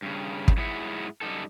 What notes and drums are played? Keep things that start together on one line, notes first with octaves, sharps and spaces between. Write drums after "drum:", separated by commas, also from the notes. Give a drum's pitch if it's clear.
G2 C#3
drum: kick
G#2 F#3 E4 G#4 E5 F#5
F#2 G3 A#3 D#4 A4